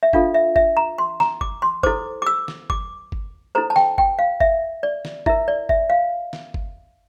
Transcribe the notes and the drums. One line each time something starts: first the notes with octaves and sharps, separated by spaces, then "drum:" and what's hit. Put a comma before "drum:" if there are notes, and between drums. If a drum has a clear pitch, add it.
E5
D4 F4 A4 F5, drum: kick G1
E5
E5, drum: kick G1
A#5
C6
A#5, drum: snare
D6, drum: kick G1
C6
E4 A4 C5 D6, drum: kick G1
D6
E6
drum: snare
D6, drum: kick G1
drum: kick G1
E4 A4 C5 A#5
A5
G5, drum: snare
G5, drum: kick G1
F5
E5, drum: kick G1
D5
drum: snare
E4 A#4 E5, drum: kick G1
D5
E5, drum: kick G1
F5
drum: snare
drum: kick G1